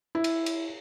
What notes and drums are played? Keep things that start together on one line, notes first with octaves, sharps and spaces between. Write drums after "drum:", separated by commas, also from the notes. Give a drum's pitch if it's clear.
E4
drum: cymbal
drum: cymbal